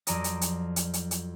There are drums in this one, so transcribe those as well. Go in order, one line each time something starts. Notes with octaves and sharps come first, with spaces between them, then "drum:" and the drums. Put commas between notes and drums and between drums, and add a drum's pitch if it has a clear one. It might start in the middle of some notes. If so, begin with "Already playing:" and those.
F2 F#3 D5 A#5 D#6 A#6, drum: hi-hat
drum: hi-hat
drum: hi-hat
drum: hi-hat
drum: hi-hat
drum: hi-hat